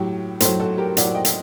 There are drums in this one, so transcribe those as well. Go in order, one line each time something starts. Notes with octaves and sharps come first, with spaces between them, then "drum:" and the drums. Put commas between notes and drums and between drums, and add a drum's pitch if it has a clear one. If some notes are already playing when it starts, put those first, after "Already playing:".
Already playing: A2 F#3 G4
A2 F#3 A4 C5, drum: hi-hat
F#4 A4
G4 A#4
A2 F#3 D5 F#5, drum: hi-hat
D#5 G5
drum: hi-hat